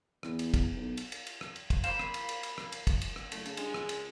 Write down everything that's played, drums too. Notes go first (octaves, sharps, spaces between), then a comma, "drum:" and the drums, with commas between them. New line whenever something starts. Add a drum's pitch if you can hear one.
E2, drum: rim click
drum: cymbal
drum: kick, cymbal
B1
drum: cymbal
drum: cymbal
drum: cymbal
drum: rim click
drum: cymbal
drum: kick, cymbal
A#3 C5 F5 B5 C7 E7, drum: cymbal
drum: rim click
drum: cymbal
drum: cymbal
drum: cymbal
drum: rim click
drum: cymbal
drum: kick, cymbal
drum: cymbal
drum: rim click
F#1 A3, drum: cymbal
C#3, drum: cymbal
G2 G#3, drum: cymbal
C#2, drum: rim click
drum: cymbal